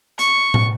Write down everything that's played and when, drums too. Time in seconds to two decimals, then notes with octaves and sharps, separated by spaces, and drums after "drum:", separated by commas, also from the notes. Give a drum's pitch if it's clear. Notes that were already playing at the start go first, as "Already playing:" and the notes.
0.19 C#6, drum: hi-hat
0.54 drum: tom